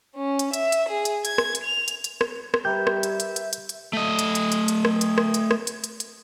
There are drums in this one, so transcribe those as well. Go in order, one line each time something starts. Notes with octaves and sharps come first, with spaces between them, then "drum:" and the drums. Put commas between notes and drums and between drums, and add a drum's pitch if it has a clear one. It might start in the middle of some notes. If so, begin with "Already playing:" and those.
C#4
drum: hi-hat
E5, drum: hi-hat
drum: hi-hat
G#4
drum: hi-hat
G#6, drum: hi-hat
drum: rim click
drum: hi-hat
F7
drum: hi-hat
drum: hi-hat
drum: rim click
drum: rim click
G3 G4 A#4 B4 E5 G6
drum: rim click
drum: hi-hat
drum: hi-hat
drum: hi-hat
drum: hi-hat
drum: hi-hat
A3 D#5
drum: hi-hat
drum: hi-hat
drum: hi-hat
drum: hi-hat
drum: rim click
drum: hi-hat
drum: rim click
drum: hi-hat
drum: rim click
drum: hi-hat
drum: hi-hat
drum: hi-hat